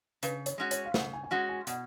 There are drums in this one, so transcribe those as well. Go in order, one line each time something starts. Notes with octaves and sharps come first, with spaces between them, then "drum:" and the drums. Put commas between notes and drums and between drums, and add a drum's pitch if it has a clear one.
C#3 B4, drum: hi-hat
C#5, drum: hi-hat
G#3 C#4 F#4
C#5, drum: hi-hat
F5
C#3 F#5, drum: snare
G#5
G#5
G#3 C#4 F#4 F#5
G#5
B2 F#5, drum: hi-hat